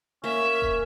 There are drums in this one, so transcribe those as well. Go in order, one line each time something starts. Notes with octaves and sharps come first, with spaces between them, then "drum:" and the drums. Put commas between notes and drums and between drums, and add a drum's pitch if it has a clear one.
A#3 C#4 E5
drum: kick E1